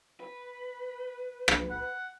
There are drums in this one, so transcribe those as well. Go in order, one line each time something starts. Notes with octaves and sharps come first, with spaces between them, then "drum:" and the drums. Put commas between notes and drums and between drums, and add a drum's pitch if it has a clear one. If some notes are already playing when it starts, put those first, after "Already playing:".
B4
drum: rim click
F#5